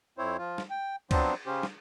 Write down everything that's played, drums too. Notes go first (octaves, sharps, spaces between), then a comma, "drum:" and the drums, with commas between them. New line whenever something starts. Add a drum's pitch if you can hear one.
F2 C4 E4 C5 C#5
F3 F4
drum: snare
G5
F3 F#3 B3 C4 D4 C5, drum: kick C#2, cymbal
C#3 C#4 G4 C5
drum: snare